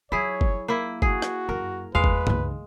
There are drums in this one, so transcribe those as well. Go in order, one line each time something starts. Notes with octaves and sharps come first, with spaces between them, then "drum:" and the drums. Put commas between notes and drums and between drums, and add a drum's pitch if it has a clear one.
F#3 E4 G#4 C#5
drum: kick F#1
A#3 E4
F#4 G#4, drum: kick F#1
drum: rim click
F#2 A#4
E2 G#3 B4 F5
drum: kick F#1
C#2 D#3, drum: tom G2